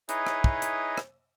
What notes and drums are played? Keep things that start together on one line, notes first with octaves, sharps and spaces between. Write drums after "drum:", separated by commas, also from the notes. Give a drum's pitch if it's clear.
D#4 E4 G#4 B4 C#5 D#5, drum: hi-hat
drum: rim click
drum: kick
drum: hi-hat
drum: rim click